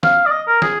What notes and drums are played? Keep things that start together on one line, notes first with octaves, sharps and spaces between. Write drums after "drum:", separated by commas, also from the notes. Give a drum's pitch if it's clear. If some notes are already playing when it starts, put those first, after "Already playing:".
F5, drum: snare
D5
D#5
A#4
G#4, drum: snare